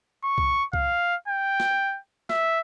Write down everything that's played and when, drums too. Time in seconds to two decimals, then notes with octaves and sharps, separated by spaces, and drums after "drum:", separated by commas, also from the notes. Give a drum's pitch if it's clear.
0.24 C#6
0.38 drum: kick
0.73 F5, drum: kick
1.28 G5
1.60 drum: snare
2.29 E5, drum: snare